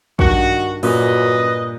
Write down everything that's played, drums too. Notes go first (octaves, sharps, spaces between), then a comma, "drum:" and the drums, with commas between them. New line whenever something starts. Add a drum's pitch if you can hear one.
G2 D#3 F#4, drum: kick A#1
F#2 A#2 B4 D#5, drum: open hi-hat